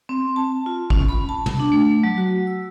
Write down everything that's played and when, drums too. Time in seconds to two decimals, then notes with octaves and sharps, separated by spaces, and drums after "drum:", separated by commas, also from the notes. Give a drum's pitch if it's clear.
0.09 C4
0.36 A5
0.66 F4
0.90 C#4, drum: kick G#1
1.09 B5
1.29 A5
1.46 drum: tom
1.60 D4
1.72 A3
2.03 F#3
2.18 F#4
2.47 E6